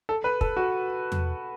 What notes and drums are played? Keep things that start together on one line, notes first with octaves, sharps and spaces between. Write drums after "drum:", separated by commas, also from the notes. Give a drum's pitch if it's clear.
A4
B4
A4, drum: kick
F#4
drum: tom E2